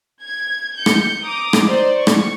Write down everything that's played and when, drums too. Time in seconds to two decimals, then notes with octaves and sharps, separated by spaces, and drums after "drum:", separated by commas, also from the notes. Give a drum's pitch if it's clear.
0.22 G#6
0.76 G6 C#7
0.86 drum: rim click
1.23 A#5 D6 D#6
1.53 drum: rim click
1.67 D#4 C5 D5 C6
1.97 C#6
2.07 drum: rim click